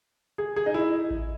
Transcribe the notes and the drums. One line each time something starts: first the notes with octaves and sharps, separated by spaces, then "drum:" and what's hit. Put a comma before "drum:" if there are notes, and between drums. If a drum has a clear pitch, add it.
G#4
G#4
D#4
E4
drum: kick A1